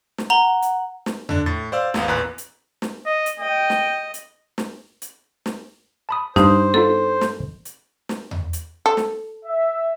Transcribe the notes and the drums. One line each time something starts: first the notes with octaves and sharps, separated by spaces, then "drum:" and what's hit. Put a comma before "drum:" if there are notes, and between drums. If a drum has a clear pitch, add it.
drum: snare
F#5 A#5 G7
drum: hi-hat
drum: snare
D3 D4, drum: tom E2
A2 A6
C5 D5 F5 E6
G#1 E2 B3 F5, drum: snare
A1 E2 A#2 B4 A#5 F#6
drum: hi-hat
drum: snare
D#5
drum: hi-hat
D#5 G5
drum: snare
drum: hi-hat
drum: snare
drum: hi-hat
drum: snare
A5 B5 D#6
G2 D#4 C5, drum: snare
B3 D#4 F4 A4
drum: snare
drum: hi-hat
drum: snare
drum: tom E2
drum: hi-hat
A4
drum: snare
E5